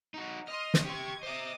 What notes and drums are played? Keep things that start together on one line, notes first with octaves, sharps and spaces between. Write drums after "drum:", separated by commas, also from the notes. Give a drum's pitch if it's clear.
D#4 F#4
D#5 C6 D#6 F6
drum: snare
G4 C6 C#6 G#6
C5 D#5 E5 D6 D#6